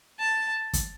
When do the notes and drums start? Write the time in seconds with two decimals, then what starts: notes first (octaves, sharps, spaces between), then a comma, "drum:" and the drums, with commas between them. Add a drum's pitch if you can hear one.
0.19 A5
0.73 drum: kick, hi-hat